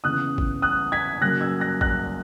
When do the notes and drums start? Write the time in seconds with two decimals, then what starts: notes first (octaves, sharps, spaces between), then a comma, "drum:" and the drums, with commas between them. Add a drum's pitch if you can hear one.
0.04 C#3 E3 B3 D#6 F#6
0.38 drum: kick G#1
0.62 D#6 F#6
0.92 G#6 B6
1.21 C#3 F#3 A#3 F#6 A#6
1.41 E6 G#6
1.60 F#6 A#6
1.81 F#6 A#6, drum: kick G#1